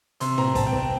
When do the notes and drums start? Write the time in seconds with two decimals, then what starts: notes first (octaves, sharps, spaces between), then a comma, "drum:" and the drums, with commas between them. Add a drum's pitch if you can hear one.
0.20 C3 C6, drum: hi-hat
0.38 C4 A#5, drum: tom
0.55 C4 A5, drum: kick, hi-hat
0.67 G5
0.73 C4, drum: kick
0.78 G5